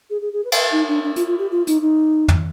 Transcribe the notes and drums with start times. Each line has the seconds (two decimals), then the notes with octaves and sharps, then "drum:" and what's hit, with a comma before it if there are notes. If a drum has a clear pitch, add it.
0.10 G#4
0.21 G#4
0.33 G#4
0.45 B4
0.52 C5, drum: cymbal
0.56 B4
0.72 D#4
0.88 D4
1.03 D4
1.16 F4, drum: hi-hat
1.27 F4
1.39 G4
1.51 F4
1.67 D#4, drum: hi-hat
1.82 D#4
2.28 drum: tom